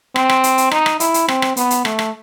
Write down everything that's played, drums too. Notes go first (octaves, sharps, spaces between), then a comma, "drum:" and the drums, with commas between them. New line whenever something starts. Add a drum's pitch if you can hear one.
C4, drum: rim click
drum: rim click
drum: hi-hat
drum: hi-hat
D#4, drum: rim click
drum: rim click
E4, drum: hi-hat
drum: hi-hat
C4, drum: rim click
drum: rim click
B3, drum: hi-hat
drum: hi-hat
A3, drum: rim click
drum: rim click